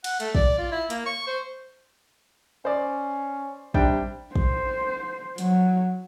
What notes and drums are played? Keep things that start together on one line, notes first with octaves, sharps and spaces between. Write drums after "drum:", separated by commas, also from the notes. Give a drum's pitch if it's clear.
F#5, drum: cymbal
A3, drum: hi-hat
D5, drum: kick
F4
E4
A#3, drum: hi-hat
C#6
C5
C#4 C5 D5
C3 G3 D4 G5, drum: kick
C5, drum: kick
F#3, drum: hi-hat